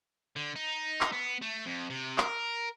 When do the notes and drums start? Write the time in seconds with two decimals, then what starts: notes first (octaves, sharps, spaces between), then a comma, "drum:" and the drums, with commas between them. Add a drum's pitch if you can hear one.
0.36 D3
0.56 D#4
1.01 drum: clap
1.12 B3
1.42 A3
1.66 F2
1.90 C3
2.18 A#4, drum: clap